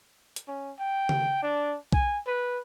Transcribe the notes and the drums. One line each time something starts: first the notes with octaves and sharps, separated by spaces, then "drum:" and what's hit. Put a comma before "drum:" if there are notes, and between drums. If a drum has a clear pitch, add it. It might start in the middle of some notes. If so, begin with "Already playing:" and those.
drum: hi-hat
C#4
G5
drum: tom C#3
D4
G#5, drum: kick B1
B4